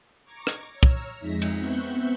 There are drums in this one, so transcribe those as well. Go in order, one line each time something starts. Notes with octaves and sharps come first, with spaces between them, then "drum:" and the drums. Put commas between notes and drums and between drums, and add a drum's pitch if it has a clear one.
A#5 C#6 D6 G#6
drum: rim click
C#5 A#5 E6 F6
drum: kick
F2 G#3 D#4 E5 A#6 B6
drum: cymbal
B3 C4 E5 C#6 F#6 G6